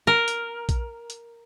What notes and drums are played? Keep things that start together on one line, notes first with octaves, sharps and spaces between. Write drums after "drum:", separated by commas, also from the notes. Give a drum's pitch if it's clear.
A#4
drum: hi-hat
drum: kick A#1, hi-hat
drum: hi-hat